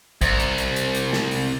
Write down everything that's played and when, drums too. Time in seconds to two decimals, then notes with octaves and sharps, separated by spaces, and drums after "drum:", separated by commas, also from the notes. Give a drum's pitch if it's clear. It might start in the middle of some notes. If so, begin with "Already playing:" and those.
0.21 C2, drum: kick A#1, hi-hat
0.40 drum: hi-hat
0.58 drum: hi-hat
0.76 drum: hi-hat
0.95 drum: hi-hat
1.13 drum: snare
1.31 drum: open hi-hat